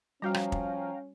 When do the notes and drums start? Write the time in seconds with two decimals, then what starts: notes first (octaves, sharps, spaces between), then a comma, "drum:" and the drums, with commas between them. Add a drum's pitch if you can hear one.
0.22 F3 G3 C#4 F#4 F5 G5 A#5
0.34 drum: rim click
0.52 drum: kick